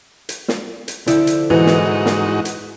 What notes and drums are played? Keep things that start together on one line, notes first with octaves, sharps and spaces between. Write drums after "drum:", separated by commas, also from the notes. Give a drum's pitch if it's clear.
drum: hi-hat
drum: snare
drum: hi-hat
D3 F3 E4 A4 D5, drum: hi-hat
drum: hi-hat
G#2 E3 D#4 F#4
drum: snare
drum: snare
drum: hi-hat